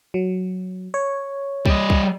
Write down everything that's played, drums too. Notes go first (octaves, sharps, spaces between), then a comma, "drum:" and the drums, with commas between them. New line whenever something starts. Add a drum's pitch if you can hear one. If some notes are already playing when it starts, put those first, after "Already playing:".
F#3
C#5
G3 D#5, drum: kick C2
drum: kick C2